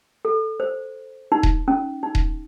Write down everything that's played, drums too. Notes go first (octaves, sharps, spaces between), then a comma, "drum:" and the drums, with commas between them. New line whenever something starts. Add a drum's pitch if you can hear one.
A4
C5
D#4
drum: kick D#1
C#4
D#4
drum: kick D#1